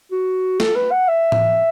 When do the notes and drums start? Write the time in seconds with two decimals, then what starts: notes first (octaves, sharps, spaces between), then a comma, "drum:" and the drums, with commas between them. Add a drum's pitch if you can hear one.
0.11 F#4
0.60 A4, drum: snare
0.75 B4
0.91 F#5
1.08 E5
1.32 drum: tom A2